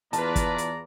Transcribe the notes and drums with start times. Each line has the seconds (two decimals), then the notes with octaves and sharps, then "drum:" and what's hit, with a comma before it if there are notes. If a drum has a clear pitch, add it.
0.13 E2 F4 B4 D5 A5 A#5, drum: hi-hat
0.36 drum: kick, hi-hat
0.58 drum: hi-hat